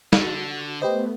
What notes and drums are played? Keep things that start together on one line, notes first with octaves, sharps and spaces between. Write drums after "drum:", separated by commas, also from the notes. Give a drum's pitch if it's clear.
D3 F#4, drum: snare
A3 B3 G4 B4 C5 D#5